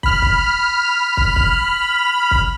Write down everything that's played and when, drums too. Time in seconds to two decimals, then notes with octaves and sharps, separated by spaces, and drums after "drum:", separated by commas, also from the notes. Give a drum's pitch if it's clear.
0.03 B5 F6, drum: kick
0.22 drum: kick
1.17 drum: kick
1.36 drum: kick
2.31 drum: kick